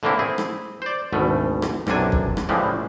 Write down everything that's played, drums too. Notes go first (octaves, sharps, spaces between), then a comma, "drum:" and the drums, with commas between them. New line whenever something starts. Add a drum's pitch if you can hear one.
A2 D3 E3 A#3 C4 E4
C4 E4 G#4
drum: rim click
C5 D5
G#1 D2 B2 A3
drum: rim click
B1 F#2 C3 D4 G#5, drum: rim click
drum: kick
drum: rim click
A2 C#3 E3 F3 G3 G#3